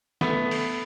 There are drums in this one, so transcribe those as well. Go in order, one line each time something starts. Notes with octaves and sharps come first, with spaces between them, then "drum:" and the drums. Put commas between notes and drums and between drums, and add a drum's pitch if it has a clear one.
A3 B3, drum: snare
drum: open hi-hat